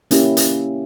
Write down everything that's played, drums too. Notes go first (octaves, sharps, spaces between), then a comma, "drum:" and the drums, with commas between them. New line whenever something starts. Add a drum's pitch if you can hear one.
A#3 C#4 E4 G4, drum: hi-hat
drum: hi-hat